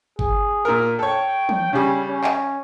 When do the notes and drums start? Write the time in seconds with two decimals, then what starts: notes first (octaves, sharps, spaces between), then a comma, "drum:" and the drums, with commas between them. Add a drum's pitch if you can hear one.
0.19 G#4, drum: kick G1
0.65 A#2 A#4
0.99 A4 C#5 G5
1.49 drum: tom
1.73 C#3 G3 C#4
2.09 C#4
2.24 drum: clap